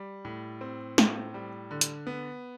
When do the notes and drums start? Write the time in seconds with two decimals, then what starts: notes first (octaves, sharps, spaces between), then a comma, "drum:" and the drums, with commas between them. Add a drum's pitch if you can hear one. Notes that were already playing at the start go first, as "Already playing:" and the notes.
Already playing: G3
0.25 A2
0.61 C4
0.98 A2, drum: snare
1.34 G3
1.71 D3
1.81 drum: hi-hat
2.07 B3